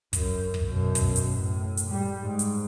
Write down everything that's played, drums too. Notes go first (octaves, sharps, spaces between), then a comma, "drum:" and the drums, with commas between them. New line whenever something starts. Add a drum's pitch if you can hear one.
F#2, drum: kick, hi-hat
drum: kick
F#2 B2
drum: kick, hi-hat
drum: hi-hat
A2
drum: hi-hat
G3
G#2
drum: hi-hat